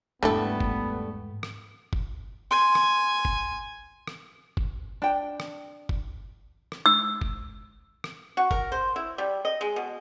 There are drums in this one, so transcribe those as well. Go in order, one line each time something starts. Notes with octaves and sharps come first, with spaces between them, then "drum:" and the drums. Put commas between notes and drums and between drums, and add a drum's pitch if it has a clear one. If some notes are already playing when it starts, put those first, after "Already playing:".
E2 G#2 D3 G3 A3 B3 E4 A4
drum: kick G1
drum: rim click
drum: kick G1
G#5 C6
drum: rim click
drum: kick G1
drum: rim click
drum: kick G1
D4 G5
drum: rim click
drum: kick G1
drum: rim click
E6
drum: kick G1
drum: rim click
F#4
A#4, drum: kick G1
C5
E4
G3
D#5
G#3
B2